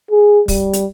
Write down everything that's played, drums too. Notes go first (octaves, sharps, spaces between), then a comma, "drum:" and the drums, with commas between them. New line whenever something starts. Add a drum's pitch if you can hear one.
G#4
G3, drum: kick, open hi-hat
drum: hi-hat